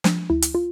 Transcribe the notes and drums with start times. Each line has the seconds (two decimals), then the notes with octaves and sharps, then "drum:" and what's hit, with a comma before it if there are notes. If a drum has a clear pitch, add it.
0.04 F3 D4, drum: snare
0.30 D2 E4
0.42 drum: hi-hat
0.55 F4